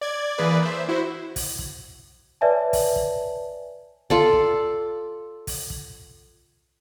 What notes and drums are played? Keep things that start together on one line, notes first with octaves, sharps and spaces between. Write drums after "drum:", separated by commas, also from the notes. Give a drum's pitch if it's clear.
D5 G#6
E3 A#3 G#4 B4 D5
C5 E5
E4 F#4 C5
drum: kick, open hi-hat
drum: kick
B4 C#5 D5 E5 G#5 A5
drum: kick, open hi-hat
drum: kick
F4 A4 D5, drum: kick
drum: kick
drum: kick, open hi-hat
drum: kick